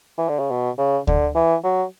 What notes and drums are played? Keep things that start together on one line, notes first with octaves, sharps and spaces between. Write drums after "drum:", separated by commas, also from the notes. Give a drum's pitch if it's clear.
E3
D3
C#3
B2
C#3
D3, drum: kick D2
E3
F#3